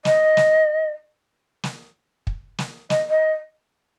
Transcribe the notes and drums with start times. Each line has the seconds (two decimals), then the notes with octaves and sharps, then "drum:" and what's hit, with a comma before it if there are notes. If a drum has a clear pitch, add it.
0.05 D#5, drum: snare
0.37 drum: snare
1.64 drum: snare
2.27 drum: kick
2.58 drum: snare
2.90 D#5, drum: snare
3.10 D#5